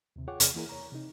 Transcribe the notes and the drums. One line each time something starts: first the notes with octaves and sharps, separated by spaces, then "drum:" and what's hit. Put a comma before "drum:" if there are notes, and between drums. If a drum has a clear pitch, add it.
D#2 C3
F4 G#4 C#5 F#5 G5 D6
E2 C3 G#4 C#5 D5 F6, drum: hi-hat
E3 A#3 E4 G#4 A#4
C#5 A#5
C3 D#4